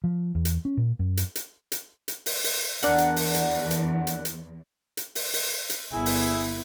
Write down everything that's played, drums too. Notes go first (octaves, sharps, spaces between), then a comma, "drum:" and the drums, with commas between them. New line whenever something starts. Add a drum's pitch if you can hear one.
F3
E2
drum: hi-hat
C#4
A#2
F#2
drum: hi-hat
drum: hi-hat
drum: hi-hat
drum: hi-hat
drum: open hi-hat
drum: open hi-hat
E2 D4 A#4 F#5, drum: hi-hat
drum: hi-hat
drum: open hi-hat
drum: hi-hat
drum: hi-hat
drum: hi-hat
drum: hi-hat
drum: hi-hat
drum: open hi-hat
drum: open hi-hat
drum: hi-hat
G1 B3 E4 G#4 E5 G#5
drum: open hi-hat